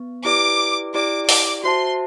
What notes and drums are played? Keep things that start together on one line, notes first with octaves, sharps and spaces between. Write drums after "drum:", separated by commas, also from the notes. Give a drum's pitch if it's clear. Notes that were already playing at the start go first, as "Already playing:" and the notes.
Already playing: B3
E4 G4 B4 D5 D6
E4 G4 D5 D6
D6, drum: open hi-hat
F#4 C5 E5 A5 C6